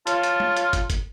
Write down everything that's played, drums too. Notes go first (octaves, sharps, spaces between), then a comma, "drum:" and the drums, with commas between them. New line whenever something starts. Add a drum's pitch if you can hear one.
F4 C#5 A5, drum: hi-hat
drum: hi-hat
drum: tom G3
drum: hi-hat
drum: kick, hi-hat
drum: kick, hi-hat